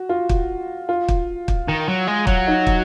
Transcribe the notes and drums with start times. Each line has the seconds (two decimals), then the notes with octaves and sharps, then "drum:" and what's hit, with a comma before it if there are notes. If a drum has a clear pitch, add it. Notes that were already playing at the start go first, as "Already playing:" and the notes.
Already playing: F#4
0.09 F4
0.29 drum: kick
0.89 F4
1.08 drum: kick
1.48 drum: kick
1.68 D#3
1.88 F#3
2.07 G#3
2.27 F#3, drum: kick
2.47 D#4
2.67 drum: kick